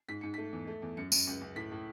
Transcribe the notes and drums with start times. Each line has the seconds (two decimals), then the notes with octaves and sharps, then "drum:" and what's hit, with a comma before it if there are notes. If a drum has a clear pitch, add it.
0.08 G#2 B6
0.21 G#2 C#7
0.34 A3 B6
0.53 E2
0.67 A3
0.82 E2
0.97 F#2 C#7
1.12 F#2, drum: tambourine
1.27 C#2
1.41 C#2
1.56 A2 B6
1.72 A2